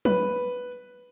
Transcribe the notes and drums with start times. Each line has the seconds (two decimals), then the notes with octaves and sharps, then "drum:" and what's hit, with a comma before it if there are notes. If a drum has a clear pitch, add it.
0.05 B4, drum: tom F3